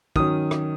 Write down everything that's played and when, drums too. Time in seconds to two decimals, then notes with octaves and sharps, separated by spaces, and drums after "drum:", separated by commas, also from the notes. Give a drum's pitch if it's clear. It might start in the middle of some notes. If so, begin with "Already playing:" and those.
0.16 D#3 F#3 C#4 D#6, drum: kick
0.51 drum: rim click